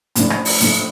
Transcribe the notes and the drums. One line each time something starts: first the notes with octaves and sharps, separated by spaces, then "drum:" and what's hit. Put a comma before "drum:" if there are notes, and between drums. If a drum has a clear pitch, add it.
A2 F3 A3 D4, drum: hi-hat
drum: rim click
drum: open hi-hat
A2 F3 A3 D4, drum: hi-hat